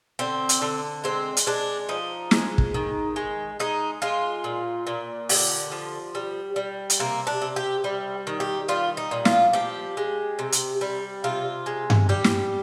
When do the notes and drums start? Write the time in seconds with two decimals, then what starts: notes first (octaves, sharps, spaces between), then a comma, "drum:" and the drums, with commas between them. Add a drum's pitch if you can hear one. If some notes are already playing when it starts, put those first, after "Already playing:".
0.19 D3 C4
0.49 drum: hi-hat
0.62 D3
1.04 G#3 C4
1.37 drum: hi-hat
1.46 G#3 D4
1.89 F3 D#4
2.31 G#3, drum: snare
2.58 drum: kick
2.74 D#3
3.16 G#3
3.60 G#3 D#4
4.02 G#3 F4
4.44 A#2
4.87 A#2
5.29 D3 G4, drum: open hi-hat
5.72 F3
6.15 G3
6.56 G3
6.90 drum: hi-hat
6.99 C3 A#3
7.27 D4
7.42 C3
7.56 G4
7.84 G3
8.27 D#3
8.40 G4
8.68 G3 F4
8.97 D#4
9.11 A#2
9.25 F4, drum: snare
9.53 F3 G4
9.97 G#3
10.39 C3
10.52 drum: hi-hat
10.81 G3
11.24 C3 F4
11.66 G#3
11.90 drum: tom G2
12.09 G3 G4
12.24 drum: snare